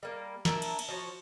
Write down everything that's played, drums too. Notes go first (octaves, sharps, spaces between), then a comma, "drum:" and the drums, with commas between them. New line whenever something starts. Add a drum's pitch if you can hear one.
G3 A#3
A#3 D4 E5 A5, drum: snare
drum: cymbal
drum: cymbal
F3 F#4 C#5